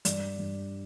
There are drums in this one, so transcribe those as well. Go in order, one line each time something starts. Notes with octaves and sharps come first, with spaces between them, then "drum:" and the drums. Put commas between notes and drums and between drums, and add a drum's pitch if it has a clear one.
G2 D5, drum: hi-hat
G2